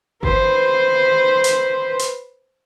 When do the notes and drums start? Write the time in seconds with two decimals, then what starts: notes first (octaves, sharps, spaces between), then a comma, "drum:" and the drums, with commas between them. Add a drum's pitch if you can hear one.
0.23 B4 C5, drum: kick G1
1.44 drum: hi-hat
1.99 drum: hi-hat